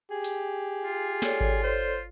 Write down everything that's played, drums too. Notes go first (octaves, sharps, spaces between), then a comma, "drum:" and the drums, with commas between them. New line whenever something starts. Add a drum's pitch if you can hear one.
G4 G#4
drum: hi-hat
F4
A4 C#5 D5, drum: snare
drum: kick G#1
C5